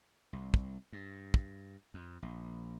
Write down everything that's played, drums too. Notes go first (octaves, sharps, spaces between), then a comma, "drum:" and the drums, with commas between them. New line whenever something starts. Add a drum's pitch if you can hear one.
C2
drum: kick
G2
drum: kick
F2
A#1